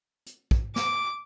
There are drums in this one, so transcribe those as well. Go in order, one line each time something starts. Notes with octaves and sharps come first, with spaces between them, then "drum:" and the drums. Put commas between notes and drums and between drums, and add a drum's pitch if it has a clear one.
drum: hi-hat
drum: kick
D6, drum: snare